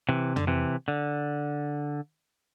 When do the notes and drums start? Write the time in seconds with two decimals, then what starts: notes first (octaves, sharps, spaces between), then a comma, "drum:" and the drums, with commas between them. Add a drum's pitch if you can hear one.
0.09 C3 E3
0.36 D3, drum: tom
0.47 C3 E3
0.88 D3